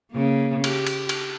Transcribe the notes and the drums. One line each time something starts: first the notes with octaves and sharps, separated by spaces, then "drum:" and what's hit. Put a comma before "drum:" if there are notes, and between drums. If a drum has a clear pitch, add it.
C#3 A#3
G4, drum: cymbal
drum: cymbal
drum: cymbal